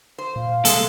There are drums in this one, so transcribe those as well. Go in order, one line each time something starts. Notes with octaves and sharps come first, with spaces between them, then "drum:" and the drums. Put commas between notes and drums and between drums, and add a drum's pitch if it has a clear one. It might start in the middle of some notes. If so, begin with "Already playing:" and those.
C5
A#2 F5
C3 G3 G#3 A#3 G#4 A4, drum: hi-hat